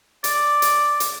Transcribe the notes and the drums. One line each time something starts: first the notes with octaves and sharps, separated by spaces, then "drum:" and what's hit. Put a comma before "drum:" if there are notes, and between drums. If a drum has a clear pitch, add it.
D5, drum: hi-hat
drum: hi-hat
drum: hi-hat